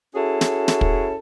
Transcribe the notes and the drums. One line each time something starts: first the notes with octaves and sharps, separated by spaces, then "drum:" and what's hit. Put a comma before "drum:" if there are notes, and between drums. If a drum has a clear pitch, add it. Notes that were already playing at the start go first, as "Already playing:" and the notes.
C#4 E4 F#4 G#4 A4
drum: snare
drum: snare
drum: kick